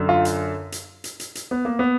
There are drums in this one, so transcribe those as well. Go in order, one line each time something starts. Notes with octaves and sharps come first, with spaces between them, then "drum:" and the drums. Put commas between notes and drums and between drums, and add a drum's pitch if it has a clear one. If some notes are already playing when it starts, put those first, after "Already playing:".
Already playing: F#2 D3
F4
drum: hi-hat
drum: hi-hat
drum: hi-hat
drum: hi-hat
drum: hi-hat
B3
A#3
B3